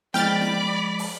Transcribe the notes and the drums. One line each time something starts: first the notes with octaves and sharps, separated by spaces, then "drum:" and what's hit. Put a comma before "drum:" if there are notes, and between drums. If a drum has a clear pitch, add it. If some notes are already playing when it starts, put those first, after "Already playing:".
F3 G#3 D5 G5 B5 F6 A6, drum: snare E4
drum: snare E4
drum: open hi-hat